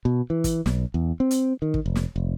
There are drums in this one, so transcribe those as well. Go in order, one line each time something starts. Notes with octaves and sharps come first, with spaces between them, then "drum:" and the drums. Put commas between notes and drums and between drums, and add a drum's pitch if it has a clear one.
B2
E3
drum: kick, hi-hat
B1, drum: snare
E2
C4
drum: hi-hat
D#3
drum: kick
F1
drum: snare
F1